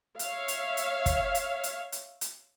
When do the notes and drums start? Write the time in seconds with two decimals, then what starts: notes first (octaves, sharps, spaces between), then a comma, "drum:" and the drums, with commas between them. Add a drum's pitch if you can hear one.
0.19 C#5 E5 F5, drum: hi-hat
0.48 drum: hi-hat
0.77 drum: hi-hat
1.06 drum: kick, hi-hat
1.35 drum: hi-hat
1.64 drum: hi-hat
1.92 drum: hi-hat
2.21 drum: hi-hat